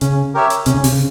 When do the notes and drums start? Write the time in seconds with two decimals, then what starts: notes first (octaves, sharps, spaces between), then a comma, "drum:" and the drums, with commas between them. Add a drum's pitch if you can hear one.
0.01 C#3 C#4, drum: hi-hat
0.34 G4 A#4 C#5 E5
0.50 drum: hi-hat
0.66 C3 C#4, drum: hi-hat
0.74 C#3
0.84 C3, drum: open hi-hat
0.92 C#3